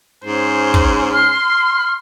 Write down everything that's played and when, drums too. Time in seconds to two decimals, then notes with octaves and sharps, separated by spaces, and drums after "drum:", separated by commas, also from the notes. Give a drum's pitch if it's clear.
0.24 G#2 C#4 C5
0.74 drum: kick
1.13 C6 F6